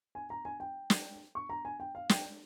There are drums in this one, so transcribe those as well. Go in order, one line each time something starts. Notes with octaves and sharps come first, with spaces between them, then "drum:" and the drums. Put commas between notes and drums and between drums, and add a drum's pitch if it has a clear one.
G#5
A#5
G#5
G5
drum: snare
C#6
A#5
G#5
G5
F5
G5, drum: snare